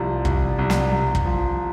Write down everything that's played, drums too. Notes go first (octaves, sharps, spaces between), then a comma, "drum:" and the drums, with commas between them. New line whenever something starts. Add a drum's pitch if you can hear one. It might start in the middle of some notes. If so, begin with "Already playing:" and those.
Already playing: C2 F3
C2, drum: kick
C2
drum: snare
C2
drum: kick
F3